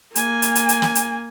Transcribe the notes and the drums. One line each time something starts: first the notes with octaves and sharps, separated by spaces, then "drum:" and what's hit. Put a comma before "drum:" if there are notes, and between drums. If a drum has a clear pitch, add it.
A#3 G#5, drum: hi-hat
drum: hi-hat
drum: hi-hat
drum: hi-hat
drum: snare
drum: hi-hat